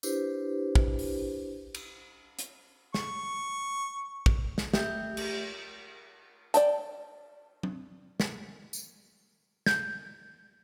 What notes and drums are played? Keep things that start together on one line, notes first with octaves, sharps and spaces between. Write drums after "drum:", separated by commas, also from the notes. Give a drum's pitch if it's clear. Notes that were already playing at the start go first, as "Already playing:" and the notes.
D4 E4 G4 B4 C5, drum: tambourine
drum: kick
drum: open hi-hat
drum: cymbal
drum: hi-hat
C#6, drum: snare
drum: kick
drum: snare
A3 G4 E5 G6, drum: snare
drum: cymbal
D5 G5 A5, drum: hi-hat
drum: tom F#3
drum: snare
drum: tambourine
G6, drum: snare